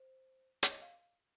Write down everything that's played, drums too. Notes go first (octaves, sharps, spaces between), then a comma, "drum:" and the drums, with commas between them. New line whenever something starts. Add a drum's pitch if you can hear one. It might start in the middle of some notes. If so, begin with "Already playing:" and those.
Already playing: C5
C#5, drum: hi-hat
D#5
F5